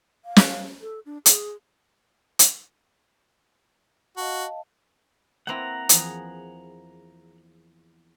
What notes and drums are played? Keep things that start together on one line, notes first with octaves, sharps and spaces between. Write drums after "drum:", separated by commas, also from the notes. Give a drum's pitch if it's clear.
F5
drum: snare
A4
D4
G#4, drum: hi-hat
drum: hi-hat
F#4 D#5 F5 A5
A#3 C4 E4 F#5 A#5
E2 F3 G#4, drum: hi-hat